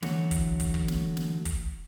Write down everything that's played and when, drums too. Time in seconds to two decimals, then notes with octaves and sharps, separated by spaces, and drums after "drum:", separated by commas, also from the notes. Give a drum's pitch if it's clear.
0.02 D3 E3 F#3 A3 F#4 C#5, drum: snare
0.31 drum: kick, hi-hat
0.60 drum: kick, hi-hat
0.74 drum: kick
0.88 drum: snare
1.17 drum: snare
1.45 drum: kick, hi-hat